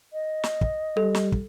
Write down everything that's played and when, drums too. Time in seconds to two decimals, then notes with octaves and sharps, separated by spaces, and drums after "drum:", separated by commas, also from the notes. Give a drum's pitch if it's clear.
0.13 D#5
0.43 drum: snare
0.61 drum: kick
0.97 G3 A4
1.15 drum: snare
1.32 drum: kick